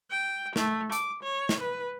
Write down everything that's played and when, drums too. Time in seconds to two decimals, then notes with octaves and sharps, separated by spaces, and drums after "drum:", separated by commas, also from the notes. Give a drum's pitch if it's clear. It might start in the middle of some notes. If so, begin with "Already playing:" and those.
0.11 G5
0.56 A3, drum: snare
0.92 D6, drum: hi-hat
1.23 C#5
1.49 drum: snare
1.61 B4